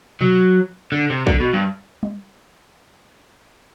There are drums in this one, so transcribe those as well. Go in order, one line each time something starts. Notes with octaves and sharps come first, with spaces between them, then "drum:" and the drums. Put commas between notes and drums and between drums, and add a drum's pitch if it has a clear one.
F#3, drum: tom B2
D3
C3
D3, drum: kick
B2
G2
drum: tom G3